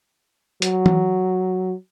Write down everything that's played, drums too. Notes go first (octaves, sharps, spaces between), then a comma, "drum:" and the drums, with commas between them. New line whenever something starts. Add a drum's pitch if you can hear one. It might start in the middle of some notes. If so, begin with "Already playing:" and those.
F#3, drum: hi-hat
drum: tom E3